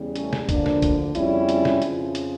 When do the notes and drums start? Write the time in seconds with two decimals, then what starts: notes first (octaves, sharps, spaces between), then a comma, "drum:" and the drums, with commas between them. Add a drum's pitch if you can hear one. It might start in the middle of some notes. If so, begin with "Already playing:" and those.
Already playing: E2 C#3 G3
0.16 A3 C#4, drum: hi-hat
0.33 drum: snare
0.49 D2 D3 F3 A#3 D4, drum: kick E1, hi-hat
0.66 drum: snare
0.82 drum: kick E1, hi-hat
1.15 F2 C#3 G3 C#4 E4, drum: hi-hat
1.49 drum: hi-hat
1.65 drum: snare
1.82 F2 C#3 F3, drum: hi-hat
2.15 drum: hi-hat